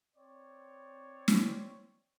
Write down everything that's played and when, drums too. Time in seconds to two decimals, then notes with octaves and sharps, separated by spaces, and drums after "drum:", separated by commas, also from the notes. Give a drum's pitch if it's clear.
0.16 C4 C#5 D5
1.28 drum: snare